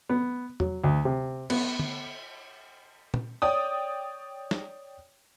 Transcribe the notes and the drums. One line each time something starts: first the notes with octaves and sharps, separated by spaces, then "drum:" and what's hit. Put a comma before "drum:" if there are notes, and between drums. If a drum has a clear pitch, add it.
B3
F#3, drum: tom E2
D2
C3
B3, drum: cymbal
drum: tom D3
drum: tom
C#5 D5 G5 D#6
drum: snare